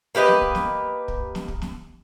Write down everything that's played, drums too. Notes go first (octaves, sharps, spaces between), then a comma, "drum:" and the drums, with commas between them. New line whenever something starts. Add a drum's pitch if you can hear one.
A#3 G4 B4 D#5
drum: snare
drum: kick
drum: snare
drum: kick
drum: snare
drum: kick
drum: snare